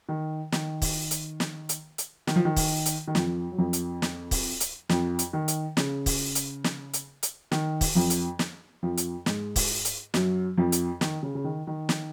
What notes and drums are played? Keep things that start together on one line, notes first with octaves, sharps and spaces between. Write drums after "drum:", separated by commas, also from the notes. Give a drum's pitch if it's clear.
D#3
D#3, drum: snare
drum: kick, open hi-hat
drum: hi-hat
drum: snare
drum: hi-hat
drum: hi-hat
D#3, drum: snare
F3
D#3
drum: kick, open hi-hat
drum: hi-hat
D#3
F2 F3, drum: snare
F#3
F2 F3
drum: hi-hat
drum: snare
drum: kick, open hi-hat
drum: hi-hat
F2 F3, drum: snare
drum: hi-hat
D#3
drum: hi-hat
C#3, drum: snare
drum: kick, open hi-hat
drum: hi-hat
drum: snare
drum: hi-hat
drum: hi-hat
D#3, drum: snare
drum: kick, open hi-hat
F2 F3
drum: hi-hat
drum: snare
F2 F3
drum: hi-hat
G#2 G#3, drum: snare
drum: kick, open hi-hat
drum: hi-hat
F#2 F#3, drum: snare
F2 F3
drum: hi-hat
D#3, drum: snare
C#3
C#3
D#3
D#3
drum: snare